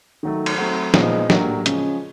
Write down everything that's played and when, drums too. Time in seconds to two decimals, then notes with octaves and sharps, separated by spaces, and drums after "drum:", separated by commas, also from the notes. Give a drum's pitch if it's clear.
0.23 D#3 F#3 A3
0.46 drum: cymbal
0.58 F#3 A3 C4
0.94 A#2 F3 G#3 B3 D#4, drum: snare
1.30 A2 F#3 A#3 D4 G4, drum: snare
1.66 C#3 F3 G#3 C#4, drum: hi-hat